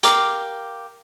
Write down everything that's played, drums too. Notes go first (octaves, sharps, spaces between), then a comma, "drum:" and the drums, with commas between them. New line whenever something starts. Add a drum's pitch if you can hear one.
G4 A#4 F5 D6, drum: hi-hat